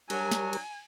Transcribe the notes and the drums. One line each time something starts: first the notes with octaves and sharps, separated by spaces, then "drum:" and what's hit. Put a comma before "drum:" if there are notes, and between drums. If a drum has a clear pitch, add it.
F#3 G3 D4 A#4 G#5, drum: cymbal
drum: snare
drum: cymbal